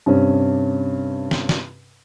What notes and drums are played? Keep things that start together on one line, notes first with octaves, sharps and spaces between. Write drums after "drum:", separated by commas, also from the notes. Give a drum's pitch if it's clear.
G2 C3 C#4
drum: snare
drum: snare